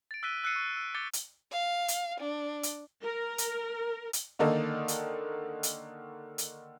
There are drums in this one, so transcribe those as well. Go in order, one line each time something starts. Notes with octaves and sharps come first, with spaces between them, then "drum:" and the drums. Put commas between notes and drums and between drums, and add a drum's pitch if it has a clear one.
A6 D7
E6 F#6 B6 D#7 G7
E6 F#6 C7 C#7 D#7
C#6
E6
D6 G6 A6 C#7 G7
drum: hi-hat
F5
drum: hi-hat
D4
drum: hi-hat
A#4
drum: hi-hat
drum: hi-hat
D3 D#3 A#3 D#4 A4
drum: hi-hat
drum: hi-hat
drum: hi-hat